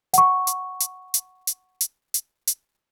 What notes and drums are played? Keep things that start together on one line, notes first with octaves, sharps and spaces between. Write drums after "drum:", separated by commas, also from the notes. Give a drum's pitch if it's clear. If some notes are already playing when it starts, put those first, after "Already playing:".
F#5 C#6, drum: hi-hat
drum: hi-hat
drum: hi-hat
drum: hi-hat
drum: hi-hat
drum: hi-hat
drum: hi-hat
drum: hi-hat